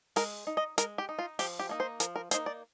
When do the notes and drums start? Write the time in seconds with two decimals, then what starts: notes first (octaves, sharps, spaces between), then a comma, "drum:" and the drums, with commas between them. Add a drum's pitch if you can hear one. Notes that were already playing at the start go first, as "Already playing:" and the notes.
0.16 G#3 A#4, drum: open hi-hat
0.47 D#4
0.57 D#5
0.78 G#3 A#4, drum: hi-hat
0.98 G4
1.09 D#4
1.19 F4
1.39 F3 G4, drum: open hi-hat
1.59 G4
1.69 A#3 D#4
1.80 C5
2.00 F3 A#4, drum: hi-hat
2.16 A#4
2.31 A#3 D#4 C5, drum: hi-hat
2.46 D5